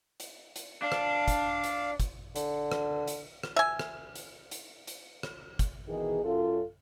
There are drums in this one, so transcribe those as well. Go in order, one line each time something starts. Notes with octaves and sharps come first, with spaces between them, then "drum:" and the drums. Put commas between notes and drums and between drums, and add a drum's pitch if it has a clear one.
drum: hi-hat
drum: hi-hat
D4 F5
drum: rim click
drum: kick, hi-hat
drum: hi-hat
drum: kick, hi-hat
D3, drum: hi-hat
drum: rim click
drum: hi-hat
drum: rim click
E5 G#5
drum: rim click
drum: hi-hat
drum: hi-hat
drum: hi-hat
drum: rim click
drum: kick, hi-hat
B2 D#3 E3 D#4 G#4
F#2 F4 A4